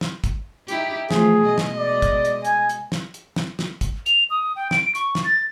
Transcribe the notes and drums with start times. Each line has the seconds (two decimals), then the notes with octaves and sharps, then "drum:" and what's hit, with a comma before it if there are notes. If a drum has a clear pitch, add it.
0.01 drum: snare
0.24 drum: kick, hi-hat
0.68 D#4 E4 G4, drum: hi-hat
1.11 E3 F3 A3 G#4, drum: snare
1.43 B2 G#3 D#5
1.58 drum: snare
1.75 D5
2.02 drum: kick, hi-hat
2.25 drum: hi-hat
2.45 G#5, drum: hi-hat
2.69 drum: hi-hat
2.92 drum: snare
3.14 drum: hi-hat
3.36 drum: snare
3.59 drum: snare
3.81 drum: kick, hi-hat
4.06 F7, drum: hi-hat
4.30 D#6
4.56 G5
4.71 D7, drum: snare
4.95 C#6, drum: hi-hat
5.15 drum: snare
5.24 A6